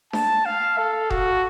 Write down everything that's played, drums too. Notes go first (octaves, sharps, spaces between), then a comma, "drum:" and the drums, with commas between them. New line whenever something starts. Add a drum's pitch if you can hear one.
A5, drum: snare D4
F5
A4
F#4, drum: kick E1